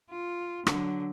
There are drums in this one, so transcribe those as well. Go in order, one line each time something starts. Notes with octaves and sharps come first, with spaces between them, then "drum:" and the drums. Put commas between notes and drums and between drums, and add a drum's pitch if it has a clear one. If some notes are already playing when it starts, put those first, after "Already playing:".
F4
D3 F#3, drum: rim click